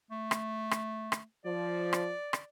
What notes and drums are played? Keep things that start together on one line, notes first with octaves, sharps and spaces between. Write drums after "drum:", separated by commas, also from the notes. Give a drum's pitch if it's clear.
A3
drum: rim click
drum: rim click
drum: rim click
F3 D5
drum: rim click
drum: rim click